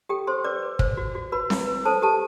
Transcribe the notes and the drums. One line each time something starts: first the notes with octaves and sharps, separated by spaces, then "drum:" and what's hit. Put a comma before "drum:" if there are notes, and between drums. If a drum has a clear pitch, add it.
G4 A4 G5
A4 C5 C6
B4 D5 D6
B4
C5, drum: kick
F#4
F#4
F#4 B4 B5
E4, drum: snare C4
B4
A4 C5 A5
G4 A4 A5